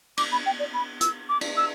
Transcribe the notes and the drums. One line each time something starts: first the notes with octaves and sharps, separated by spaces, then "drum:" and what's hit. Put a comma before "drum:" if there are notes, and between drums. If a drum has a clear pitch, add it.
D6, drum: cymbal
B5
G5
D5
B5
E6, drum: hi-hat
D6
drum: cymbal
E6